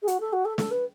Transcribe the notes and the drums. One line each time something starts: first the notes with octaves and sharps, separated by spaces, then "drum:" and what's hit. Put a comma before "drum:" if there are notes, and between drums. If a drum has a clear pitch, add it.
G#4
F#4, drum: hi-hat
A4
F#4
A4
A4, drum: snare
B4